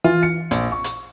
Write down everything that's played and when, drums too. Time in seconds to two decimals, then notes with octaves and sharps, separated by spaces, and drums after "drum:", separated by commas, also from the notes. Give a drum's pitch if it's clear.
0.04 E3 F4
0.23 C#7
0.51 A#1, drum: hi-hat
0.72 C#6
0.84 drum: hi-hat